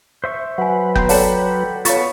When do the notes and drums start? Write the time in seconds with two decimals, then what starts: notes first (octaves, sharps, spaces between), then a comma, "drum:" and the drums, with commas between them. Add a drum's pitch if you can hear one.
0.24 C5 E5 C#6
0.58 F#3 B4 F#5 G#5
0.95 B3 G5 A#5 C6, drum: kick F#1
1.09 A4 C#5 D5 F#5 A5, drum: open hi-hat
1.85 B3 F4 A4 C#5 F5 C#6 A6, drum: hi-hat